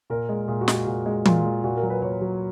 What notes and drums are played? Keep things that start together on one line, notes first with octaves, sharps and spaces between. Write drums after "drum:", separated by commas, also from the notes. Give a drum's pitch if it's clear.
A#2 A#4
G#3
A#2 G#4
F#4
G#3, drum: snare
F#4
A#2 F#4
G#3
A#2 F4, drum: tom E3
G#3
A#2 F#4
A#4
F#3
B4
A#2 C#5
F#3